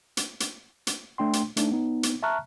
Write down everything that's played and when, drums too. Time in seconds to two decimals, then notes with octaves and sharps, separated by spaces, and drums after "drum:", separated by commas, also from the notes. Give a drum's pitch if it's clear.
0.17 drum: hi-hat
0.40 drum: hi-hat
0.87 drum: hi-hat
1.18 A3 D4 G5 C6
1.33 drum: hi-hat
1.57 A3 D4 D#4, drum: hi-hat
1.72 B3 D#4
2.03 drum: hi-hat
2.23 E5 A5 A#5 C#6 F6 F#6